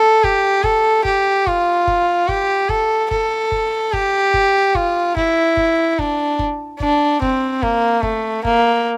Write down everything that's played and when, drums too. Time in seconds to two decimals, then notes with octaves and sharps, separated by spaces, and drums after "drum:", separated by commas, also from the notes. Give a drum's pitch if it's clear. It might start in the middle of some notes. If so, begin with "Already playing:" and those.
Already playing: A4
0.24 G4, drum: kick F#1
0.64 A4, drum: kick F#1
1.05 G4, drum: kick F#1
1.47 F4, drum: kick F#1
1.87 drum: kick F#1
2.29 G4, drum: kick F#1
2.69 A4, drum: kick F#1
3.11 A4, drum: kick F#1
3.52 drum: kick F#1
3.93 G4, drum: kick F#1
4.34 drum: kick F#1
4.75 F4, drum: kick F#1
5.17 E4, drum: kick F#1
5.57 drum: kick F#1
5.99 D4, drum: kick F#1
6.39 drum: kick F#1
6.80 D4, drum: kick F#1
7.22 C4, drum: kick F#1
7.63 A#3, drum: kick F#1
8.03 A3, drum: kick F#1
8.45 A#3, drum: kick F#1